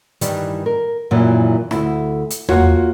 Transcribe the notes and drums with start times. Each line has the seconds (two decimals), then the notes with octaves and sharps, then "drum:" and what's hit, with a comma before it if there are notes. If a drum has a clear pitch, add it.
0.21 G2 D#3 E3 G3, drum: hi-hat
0.66 A#4
1.11 F#2 A#2 D#3 E3 E4
1.71 D2 E4, drum: rim click
2.30 drum: hi-hat
2.49 A#3 F4 F#4 C#5, drum: tom E2